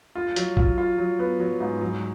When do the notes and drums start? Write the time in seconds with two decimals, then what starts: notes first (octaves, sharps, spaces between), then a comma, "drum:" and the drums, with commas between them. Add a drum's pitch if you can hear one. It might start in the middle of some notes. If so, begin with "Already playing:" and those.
0.15 F4
0.36 F#3, drum: hi-hat
0.57 F4, drum: kick G#1
0.78 F4
0.98 F#3
1.19 B3
1.40 F#3
1.60 G#2
1.81 F#3